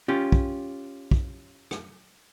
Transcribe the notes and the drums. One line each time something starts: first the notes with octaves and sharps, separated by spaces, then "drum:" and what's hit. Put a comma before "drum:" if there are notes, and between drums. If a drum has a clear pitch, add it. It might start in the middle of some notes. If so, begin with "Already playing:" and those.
C#4 F4 G4
drum: kick
drum: kick
drum: rim click